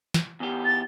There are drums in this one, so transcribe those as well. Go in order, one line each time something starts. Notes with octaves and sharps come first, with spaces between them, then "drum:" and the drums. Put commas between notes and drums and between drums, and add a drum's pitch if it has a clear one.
drum: snare
E2 G4
A6